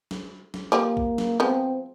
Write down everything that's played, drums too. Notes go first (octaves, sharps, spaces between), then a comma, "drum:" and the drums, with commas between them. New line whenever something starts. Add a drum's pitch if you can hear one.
drum: snare
drum: snare
F3 A#3 G4 D5
drum: kick A#1
drum: snare
F3 G#3 B3 C4